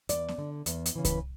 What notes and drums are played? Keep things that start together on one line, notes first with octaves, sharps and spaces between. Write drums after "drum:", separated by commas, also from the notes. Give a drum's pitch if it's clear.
E2 D5, drum: hi-hat
drum: snare B3
D3
E2, drum: hi-hat
drum: hi-hat
C#3 E3
B4, drum: kick C2, hi-hat